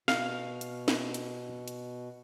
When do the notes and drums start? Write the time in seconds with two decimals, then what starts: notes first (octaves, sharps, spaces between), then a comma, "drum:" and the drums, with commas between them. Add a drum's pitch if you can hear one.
0.08 B2 F5, drum: snare
0.61 drum: hi-hat
0.88 drum: snare
1.14 drum: hi-hat
1.68 drum: hi-hat